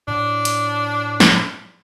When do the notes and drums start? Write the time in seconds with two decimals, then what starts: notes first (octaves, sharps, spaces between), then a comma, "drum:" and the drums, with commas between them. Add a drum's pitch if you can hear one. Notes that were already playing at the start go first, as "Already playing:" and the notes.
0.08 A2 D4
0.45 drum: hi-hat
1.20 drum: snare